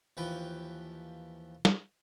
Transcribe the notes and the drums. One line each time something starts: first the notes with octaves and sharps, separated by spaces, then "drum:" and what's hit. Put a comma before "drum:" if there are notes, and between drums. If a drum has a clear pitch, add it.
D#2 E3 F3 B4 G5
drum: snare